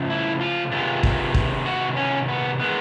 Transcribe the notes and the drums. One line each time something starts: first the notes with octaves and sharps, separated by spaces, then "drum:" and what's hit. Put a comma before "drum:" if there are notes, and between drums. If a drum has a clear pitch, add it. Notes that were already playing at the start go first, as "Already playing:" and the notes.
Already playing: C#3 F3 A3
E4
F4
C3 D#3 G#3 B3 F4
drum: kick
drum: kick
F#4
C#4
B3
D#3 G#3 B3